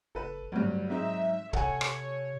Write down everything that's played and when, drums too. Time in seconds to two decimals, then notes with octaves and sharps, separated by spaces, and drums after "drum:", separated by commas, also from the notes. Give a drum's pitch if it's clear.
0.15 F#1 A4 B4
0.52 D2 G2 F#3
0.90 G#2 C4 D#4 E5
1.53 C3 A4 C#5 F#5 G#5, drum: kick
1.81 drum: rim click